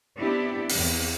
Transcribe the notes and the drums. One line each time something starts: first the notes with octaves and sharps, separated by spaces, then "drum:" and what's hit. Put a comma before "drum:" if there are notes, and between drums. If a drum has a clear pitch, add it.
B3 C4 D4 E4 G4
E2 C4, drum: open hi-hat